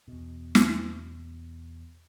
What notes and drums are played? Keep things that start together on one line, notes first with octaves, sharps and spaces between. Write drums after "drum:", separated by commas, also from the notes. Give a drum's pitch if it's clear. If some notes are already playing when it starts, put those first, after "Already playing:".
E2 B2
drum: snare